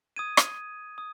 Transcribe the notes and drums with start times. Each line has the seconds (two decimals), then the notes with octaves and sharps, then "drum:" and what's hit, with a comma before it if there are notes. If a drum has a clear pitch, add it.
0.16 D#6 G#6 D#7
0.37 drum: rim click
0.98 D#6